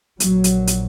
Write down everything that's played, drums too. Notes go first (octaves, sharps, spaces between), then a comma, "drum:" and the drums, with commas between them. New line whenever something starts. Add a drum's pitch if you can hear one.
A#1 A#2 F#3, drum: hi-hat
drum: hi-hat
drum: hi-hat